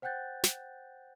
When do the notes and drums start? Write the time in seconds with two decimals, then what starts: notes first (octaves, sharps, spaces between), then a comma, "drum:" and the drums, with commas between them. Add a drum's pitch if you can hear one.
0.02 C5 F#5 G5 F#6 G6 A6
0.44 drum: snare